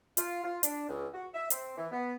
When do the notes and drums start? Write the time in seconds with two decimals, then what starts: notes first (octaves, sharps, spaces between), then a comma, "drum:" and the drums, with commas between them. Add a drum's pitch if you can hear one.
0.17 F4, drum: hi-hat
0.44 F4
0.63 D4, drum: hi-hat
0.89 C#2
1.14 F#4
1.34 E5
1.50 C4, drum: hi-hat
1.78 E3
1.92 B3